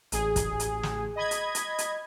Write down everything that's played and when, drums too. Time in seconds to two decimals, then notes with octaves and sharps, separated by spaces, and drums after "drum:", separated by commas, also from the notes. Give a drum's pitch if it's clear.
0.12 A1 G#4, drum: hi-hat
0.36 drum: kick, hi-hat
0.60 drum: hi-hat
0.83 drum: snare
1.16 D#5 B5 G#6
1.31 drum: hi-hat
1.55 drum: hi-hat
1.78 drum: hi-hat